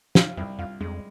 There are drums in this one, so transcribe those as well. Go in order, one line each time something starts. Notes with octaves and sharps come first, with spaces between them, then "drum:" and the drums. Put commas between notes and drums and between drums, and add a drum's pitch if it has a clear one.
A#2 F4, drum: snare
C2 F2
F2 F4
F2 G#3